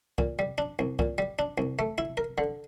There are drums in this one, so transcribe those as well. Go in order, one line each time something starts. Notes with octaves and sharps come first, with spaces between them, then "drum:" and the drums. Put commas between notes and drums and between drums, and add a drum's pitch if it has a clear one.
A#2, drum: kick
G3
D4
C2
A#2, drum: kick
G3
D4
C2
A3
E4
A#4
D3